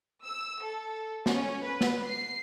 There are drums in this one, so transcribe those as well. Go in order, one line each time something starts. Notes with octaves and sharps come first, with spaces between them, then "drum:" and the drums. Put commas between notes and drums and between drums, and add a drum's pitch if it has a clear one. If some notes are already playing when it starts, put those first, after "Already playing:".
E6
A4
C#4, drum: snare
B4
drum: snare
C7